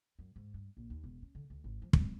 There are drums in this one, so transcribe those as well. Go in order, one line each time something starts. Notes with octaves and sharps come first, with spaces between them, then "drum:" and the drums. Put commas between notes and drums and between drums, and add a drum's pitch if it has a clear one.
F#2
G#2
G2
A#1
D#2
E1
C#4
D3
D2
G#1
F3
G#3, drum: kick